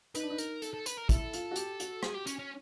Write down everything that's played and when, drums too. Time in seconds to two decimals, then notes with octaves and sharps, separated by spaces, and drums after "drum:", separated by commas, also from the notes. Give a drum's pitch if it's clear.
0.15 D#4 B4, drum: hi-hat
0.23 D4
0.30 D#4
0.38 A#4, drum: hi-hat
0.62 A4, drum: hi-hat
0.74 A4
0.86 B4, drum: hi-hat
0.97 A#4
1.09 E4 A4, drum: kick, hi-hat
1.33 F4, drum: hi-hat
1.51 F#4
1.56 G4, drum: hi-hat
1.80 F#4, drum: hi-hat
2.03 G#4, drum: rim click
2.15 G4
2.27 C#4, drum: hi-hat
2.39 C#4